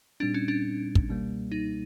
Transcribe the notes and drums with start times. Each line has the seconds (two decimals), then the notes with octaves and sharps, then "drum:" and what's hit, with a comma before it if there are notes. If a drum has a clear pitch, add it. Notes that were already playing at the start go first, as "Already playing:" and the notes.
0.20 A#2 G3 C4 D4 D#4
0.34 C#4
0.48 D4
0.95 drum: kick
1.09 C#2 B2 G3 A#3
1.52 D#4